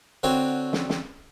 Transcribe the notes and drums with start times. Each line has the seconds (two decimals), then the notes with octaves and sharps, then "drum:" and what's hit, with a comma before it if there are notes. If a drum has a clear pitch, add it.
0.23 D3 C4 F#4 C#5
0.73 drum: snare
0.89 drum: snare